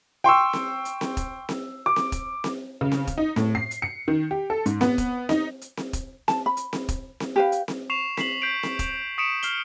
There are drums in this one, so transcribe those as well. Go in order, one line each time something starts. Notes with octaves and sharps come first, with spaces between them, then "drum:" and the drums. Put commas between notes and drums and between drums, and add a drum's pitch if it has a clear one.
G5 C6 C#6 E6
drum: snare C4
drum: hi-hat
drum: snare C4
drum: kick, hi-hat
drum: snare C4
D6
drum: snare C4
drum: kick, hi-hat
drum: snare C4
C#3
drum: snare C4
drum: kick, hi-hat
D#4
A2, drum: snare C4
C7
drum: hi-hat
C#7
D#3
G4
A4
G#2, drum: hi-hat
B3, drum: snare C4
drum: kick, hi-hat
D#4, drum: snare C4
drum: hi-hat
drum: snare C4
drum: kick, hi-hat
A5, drum: snare C4
B5
drum: hi-hat
drum: snare C4
drum: kick, hi-hat
drum: snare C4
G4 B4 F5
drum: hi-hat
drum: snare C4
C#6 C7 E7 F7
B6 C7 F#7, drum: snare C4
G6 B6 C7 D7 F7
drum: snare C4
drum: kick, hi-hat
C#6 D#6 B6 C#7 D7 E7
F6 C7 G7, drum: hi-hat